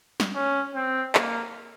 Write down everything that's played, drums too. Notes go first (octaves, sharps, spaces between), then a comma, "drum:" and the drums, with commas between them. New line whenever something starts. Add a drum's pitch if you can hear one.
drum: snare
C#4
C4
A#3, drum: clap